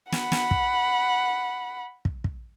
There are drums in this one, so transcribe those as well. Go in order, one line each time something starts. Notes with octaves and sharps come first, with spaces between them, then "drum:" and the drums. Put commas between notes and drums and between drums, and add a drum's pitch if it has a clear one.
F#5 B5, drum: snare
drum: snare
drum: kick
drum: kick
drum: kick